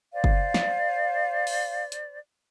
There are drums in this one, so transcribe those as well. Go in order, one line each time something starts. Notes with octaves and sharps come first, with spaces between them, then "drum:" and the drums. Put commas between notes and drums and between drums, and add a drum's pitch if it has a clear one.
C5 D5 F5
drum: kick F#1
drum: snare
drum: open hi-hat
drum: hi-hat